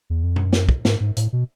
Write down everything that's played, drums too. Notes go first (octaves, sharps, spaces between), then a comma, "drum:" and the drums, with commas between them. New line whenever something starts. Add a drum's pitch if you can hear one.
E2
F2
F#2, drum: tom B2
drum: snare
drum: kick
G#2, drum: snare
G#2
A2, drum: hi-hat
B2